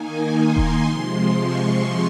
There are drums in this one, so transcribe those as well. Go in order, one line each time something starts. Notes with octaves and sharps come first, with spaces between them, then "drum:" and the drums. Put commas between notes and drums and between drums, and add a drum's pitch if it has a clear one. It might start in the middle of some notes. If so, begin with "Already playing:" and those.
Already playing: D#3 A#3 D#4 G#5
C6
drum: kick E1
C3 F3 G#3
C#6